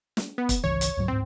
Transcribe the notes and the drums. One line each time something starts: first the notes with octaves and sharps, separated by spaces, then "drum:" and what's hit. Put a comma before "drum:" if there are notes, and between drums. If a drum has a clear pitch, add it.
drum: snare
B3
drum: kick, hi-hat
G#1 C#2 E3 C#5
drum: hi-hat
C#2 G#2 F#3
D1 G#2 C4